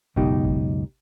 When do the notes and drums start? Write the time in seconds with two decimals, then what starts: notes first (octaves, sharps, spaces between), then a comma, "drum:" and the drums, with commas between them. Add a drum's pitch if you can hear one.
0.16 C#2 F#2 B2 D#4 G4, drum: kick G#1
0.45 drum: kick G#1